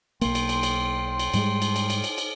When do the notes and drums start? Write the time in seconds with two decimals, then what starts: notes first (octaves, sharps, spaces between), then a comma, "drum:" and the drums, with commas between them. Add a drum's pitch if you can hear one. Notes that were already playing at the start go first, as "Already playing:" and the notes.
0.22 B1 A#3 G5 C6, drum: cymbal
0.35 drum: cymbal
0.49 drum: cymbal
0.63 drum: cymbal
1.19 drum: cymbal
1.34 G#2 G3 G#3, drum: cymbal
1.62 drum: cymbal
1.76 drum: cymbal
1.90 drum: cymbal
2.04 drum: cymbal
2.18 drum: cymbal